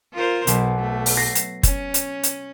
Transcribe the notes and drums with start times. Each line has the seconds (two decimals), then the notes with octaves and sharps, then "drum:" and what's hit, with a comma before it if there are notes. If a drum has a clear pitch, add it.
0.14 F4 A#4 C5
0.47 B1 B2, drum: hi-hat
0.81 A3
1.06 drum: open hi-hat
1.17 A#6 C7
1.35 drum: hi-hat
1.63 C#4, drum: kick F#1, hi-hat
1.94 drum: hi-hat
2.23 drum: hi-hat